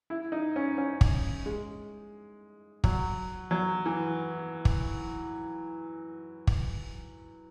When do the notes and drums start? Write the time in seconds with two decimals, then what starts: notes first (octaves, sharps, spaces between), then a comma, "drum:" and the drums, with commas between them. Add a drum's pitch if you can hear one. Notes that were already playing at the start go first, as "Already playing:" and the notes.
0.10 E4
0.32 D#4
0.56 C#4
0.78 C#4
1.01 drum: kick
1.46 G#3
2.84 F#3, drum: kick
3.51 F#3
3.86 E3
4.65 drum: kick
6.47 drum: kick